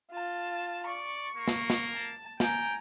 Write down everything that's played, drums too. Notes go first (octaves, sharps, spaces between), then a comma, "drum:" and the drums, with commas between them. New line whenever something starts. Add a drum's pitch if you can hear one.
F4 A5
D5 C#6
A#3
drum: snare
drum: snare
A5
G5 G#5 A#5, drum: snare